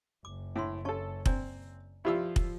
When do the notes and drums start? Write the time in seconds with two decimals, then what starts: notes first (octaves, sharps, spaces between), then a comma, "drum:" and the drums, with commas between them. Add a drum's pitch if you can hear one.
0.25 F#1 D6
0.56 A2 E5 F#5 C6
0.85 C#4 A4 A5 C#6
1.26 C4 D5 G#5 A#5, drum: kick
2.05 F3 E4 F4 G4 D5 G5 E6
2.36 drum: kick